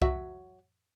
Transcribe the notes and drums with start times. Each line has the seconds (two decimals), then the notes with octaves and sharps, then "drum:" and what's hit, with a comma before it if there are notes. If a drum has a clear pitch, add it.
0.02 F#3 F#4 E5, drum: kick C2